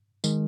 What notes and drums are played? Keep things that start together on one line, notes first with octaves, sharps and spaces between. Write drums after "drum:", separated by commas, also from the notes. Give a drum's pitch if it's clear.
D#3 G#3, drum: tambourine